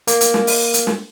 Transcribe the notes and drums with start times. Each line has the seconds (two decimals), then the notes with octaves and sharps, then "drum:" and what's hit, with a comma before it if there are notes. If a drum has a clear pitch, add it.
0.07 A#3, drum: hi-hat
0.21 drum: hi-hat
0.34 drum: snare
0.47 drum: open hi-hat
0.74 drum: hi-hat
0.87 drum: snare